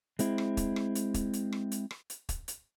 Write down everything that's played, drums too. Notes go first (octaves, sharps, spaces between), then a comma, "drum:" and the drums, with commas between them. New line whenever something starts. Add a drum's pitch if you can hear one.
G#3 C4 E4, drum: hi-hat
drum: rim click
drum: kick, hi-hat
drum: rim click
drum: hi-hat
drum: kick, hi-hat
drum: hi-hat
drum: rim click
drum: hi-hat
drum: rim click
drum: hi-hat
drum: kick, hi-hat
drum: hi-hat